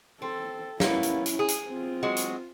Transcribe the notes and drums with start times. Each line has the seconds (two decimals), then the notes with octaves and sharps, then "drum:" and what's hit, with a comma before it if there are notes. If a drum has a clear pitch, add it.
0.22 C4 A4
0.80 A#3 B3 C#4 E4, drum: snare
1.03 drum: hi-hat
1.26 drum: hi-hat
1.39 G#4
1.48 drum: hi-hat
1.68 C4 F4
2.03 F#3 G#3 F#4
2.16 drum: hi-hat